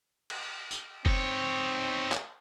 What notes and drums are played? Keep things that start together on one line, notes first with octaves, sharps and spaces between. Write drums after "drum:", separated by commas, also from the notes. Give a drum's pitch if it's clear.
drum: cymbal
drum: tambourine
C4 D#4 C#5, drum: kick F1
drum: clap